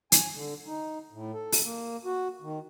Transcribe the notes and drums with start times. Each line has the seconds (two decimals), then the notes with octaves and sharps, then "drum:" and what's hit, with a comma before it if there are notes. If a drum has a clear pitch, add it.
0.12 G#5, drum: hi-hat
0.34 D3
0.66 D#4
1.12 A2
1.34 A4
1.52 drum: open hi-hat
1.64 A#3
2.05 F#4
2.42 D#3